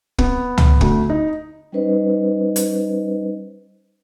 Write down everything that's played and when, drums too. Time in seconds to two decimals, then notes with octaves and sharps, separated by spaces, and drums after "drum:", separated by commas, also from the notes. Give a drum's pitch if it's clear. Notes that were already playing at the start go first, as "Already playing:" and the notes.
0.19 B3, drum: kick
0.58 drum: tom C#2
0.81 D2, drum: kick
1.10 D#4
1.72 G3 C#4 D#4 B4 C5 D#5
2.56 drum: hi-hat